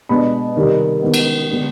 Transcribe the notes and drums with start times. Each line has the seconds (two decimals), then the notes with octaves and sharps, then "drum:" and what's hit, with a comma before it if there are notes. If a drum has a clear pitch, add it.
0.09 B2 G#3 D4 B5
0.56 C3 D#3 G3
1.02 D#3 G#3 B3
1.14 drum: cymbal
1.49 D3 G#3 B3 D4